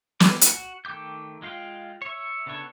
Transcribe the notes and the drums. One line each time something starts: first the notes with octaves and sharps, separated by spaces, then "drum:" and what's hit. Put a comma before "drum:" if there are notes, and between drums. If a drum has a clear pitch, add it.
C5 C#5 D6, drum: snare
F#4, drum: hi-hat
D#3 A3 G5 D6 G6
G#3 F4 F5 G5
C#5 E5
C#3 B3 D4 A4 C#5